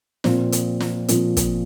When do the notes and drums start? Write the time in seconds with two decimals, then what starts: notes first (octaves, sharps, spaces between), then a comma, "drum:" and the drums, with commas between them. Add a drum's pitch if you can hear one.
0.24 A#2 F3 C4 F4, drum: snare
0.52 drum: hi-hat
0.80 drum: snare
1.08 A#2 F3 C4 F4, drum: hi-hat
1.37 drum: kick, hi-hat